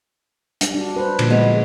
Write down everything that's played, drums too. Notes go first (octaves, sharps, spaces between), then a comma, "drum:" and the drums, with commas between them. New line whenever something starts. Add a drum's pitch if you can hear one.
G3 D4, drum: hi-hat
D4 F#4
B4 C5
A#2 D3 F3, drum: cymbal
G#3 B3 C#5